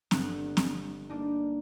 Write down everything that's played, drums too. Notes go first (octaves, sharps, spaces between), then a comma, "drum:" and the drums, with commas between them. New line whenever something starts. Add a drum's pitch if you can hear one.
G1 F#6, drum: snare C4
drum: snare C4
A#3 D4 D#4